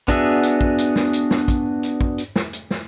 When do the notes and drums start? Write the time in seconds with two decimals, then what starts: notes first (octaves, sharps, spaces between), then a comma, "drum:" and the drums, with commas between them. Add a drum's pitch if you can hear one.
0.08 B3 D4 F#4 G#4 E5, drum: kick, hi-hat
0.43 drum: hi-hat
0.61 drum: kick
0.78 drum: hi-hat
0.96 drum: snare
1.13 drum: hi-hat
1.31 drum: snare
1.48 drum: kick, hi-hat
1.83 drum: hi-hat
2.01 drum: kick
2.18 drum: hi-hat
2.36 drum: snare
2.53 drum: hi-hat
2.71 drum: snare